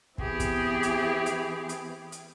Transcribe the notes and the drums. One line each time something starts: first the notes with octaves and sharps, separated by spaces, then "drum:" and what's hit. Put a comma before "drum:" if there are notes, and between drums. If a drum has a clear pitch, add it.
E3 B3 C4 G4 G#4, drum: kick
drum: kick, hi-hat
drum: hi-hat
drum: hi-hat
drum: hi-hat
drum: hi-hat